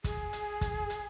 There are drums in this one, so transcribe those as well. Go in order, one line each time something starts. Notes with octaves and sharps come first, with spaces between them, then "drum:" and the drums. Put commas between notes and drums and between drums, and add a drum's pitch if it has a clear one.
G#4, drum: kick, hi-hat
drum: hi-hat
drum: kick, hi-hat
drum: hi-hat